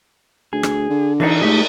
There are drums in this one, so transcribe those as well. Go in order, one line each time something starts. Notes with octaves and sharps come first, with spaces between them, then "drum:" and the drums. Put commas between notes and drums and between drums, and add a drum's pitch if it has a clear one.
D2 G#4
drum: rim click
D3
E3 D4 D#4, drum: cymbal
G#2 A3 G4 G#4